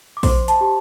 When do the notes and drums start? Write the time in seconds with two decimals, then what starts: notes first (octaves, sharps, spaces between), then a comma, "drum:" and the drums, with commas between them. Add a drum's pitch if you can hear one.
0.17 D6
0.23 C5 C6, drum: kick A#1, open hi-hat
0.48 A5, drum: hi-hat
0.61 G4